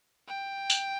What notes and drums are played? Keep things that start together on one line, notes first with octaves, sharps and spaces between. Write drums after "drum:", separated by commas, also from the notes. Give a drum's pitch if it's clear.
G5
drum: tambourine